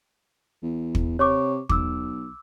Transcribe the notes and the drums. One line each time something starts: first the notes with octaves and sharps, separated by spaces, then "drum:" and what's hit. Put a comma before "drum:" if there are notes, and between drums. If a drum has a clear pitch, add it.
E2
drum: kick
C3 C#5 C#6 D6
B1 D6 E6, drum: kick